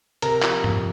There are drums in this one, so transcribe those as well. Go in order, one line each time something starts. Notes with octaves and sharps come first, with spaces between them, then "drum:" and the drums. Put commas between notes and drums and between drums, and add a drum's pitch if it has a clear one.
C3 A#4, drum: hi-hat
F3, drum: clap
F2, drum: tom G2